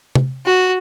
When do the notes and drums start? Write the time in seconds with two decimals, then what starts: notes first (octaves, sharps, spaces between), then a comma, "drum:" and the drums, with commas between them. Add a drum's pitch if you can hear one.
0.15 drum: tom C3
0.45 F#4